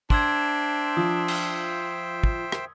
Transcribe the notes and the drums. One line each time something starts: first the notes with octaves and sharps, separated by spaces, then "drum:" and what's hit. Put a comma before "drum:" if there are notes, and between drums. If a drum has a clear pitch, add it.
D4 C5 E5 G5 C6 E6 G#6, drum: kick
F3 D#6
drum: cymbal
drum: kick
drum: rim click